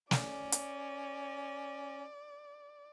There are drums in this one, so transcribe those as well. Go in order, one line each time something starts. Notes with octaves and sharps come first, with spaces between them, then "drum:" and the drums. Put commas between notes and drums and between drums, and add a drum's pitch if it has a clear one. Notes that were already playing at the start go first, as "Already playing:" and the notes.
C#4 D5, drum: snare
drum: hi-hat